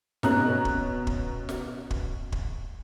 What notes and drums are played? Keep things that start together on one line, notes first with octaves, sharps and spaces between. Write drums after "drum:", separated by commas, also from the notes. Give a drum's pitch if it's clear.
B2 C#4 A#5 F#6, drum: snare
drum: kick
drum: kick
drum: snare
drum: kick
drum: kick